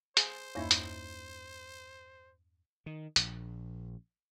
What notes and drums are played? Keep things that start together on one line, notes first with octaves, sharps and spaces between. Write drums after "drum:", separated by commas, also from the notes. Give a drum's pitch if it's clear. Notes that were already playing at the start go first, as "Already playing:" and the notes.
G#4 C5, drum: hi-hat
E2 G2 A#3 D#4 E4 C#5
drum: hi-hat
D#3
A#1, drum: hi-hat